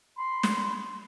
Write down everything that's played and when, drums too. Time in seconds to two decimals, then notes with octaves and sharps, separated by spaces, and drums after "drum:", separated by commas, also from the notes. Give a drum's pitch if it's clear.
0.16 B5 C6
0.43 drum: snare